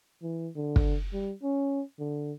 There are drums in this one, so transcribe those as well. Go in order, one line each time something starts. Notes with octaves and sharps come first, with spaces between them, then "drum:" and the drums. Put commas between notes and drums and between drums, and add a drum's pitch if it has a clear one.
E3
D3
drum: kick
G3
C#4
D3